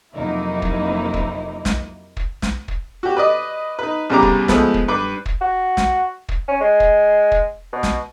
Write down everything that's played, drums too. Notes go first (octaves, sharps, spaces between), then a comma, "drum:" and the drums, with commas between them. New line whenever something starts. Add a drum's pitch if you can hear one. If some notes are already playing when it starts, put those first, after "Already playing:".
F2 C3 F#3 A#3 D#4 E4
drum: kick
drum: kick
drum: snare
drum: kick
drum: snare
drum: kick
F#4 G4
B4 D5 D#5
D#4 B4
C2 C#3 G3 B3 A#5 D6
drum: kick
F3 G#3 A3 B3 A4, drum: snare
drum: kick
G2 B4 D6
drum: kick
F#4
drum: snare
drum: kick
C#4
G#3
drum: kick
drum: kick
B2
drum: snare